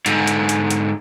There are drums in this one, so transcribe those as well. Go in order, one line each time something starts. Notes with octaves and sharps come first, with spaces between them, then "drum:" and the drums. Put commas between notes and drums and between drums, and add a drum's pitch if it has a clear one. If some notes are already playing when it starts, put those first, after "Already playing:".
G#2 D3, drum: hi-hat
drum: hi-hat
drum: hi-hat
drum: hi-hat